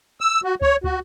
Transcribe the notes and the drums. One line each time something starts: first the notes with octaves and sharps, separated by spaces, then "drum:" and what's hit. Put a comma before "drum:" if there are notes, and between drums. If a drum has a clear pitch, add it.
E6
F#4
C#5, drum: kick
F#4, drum: kick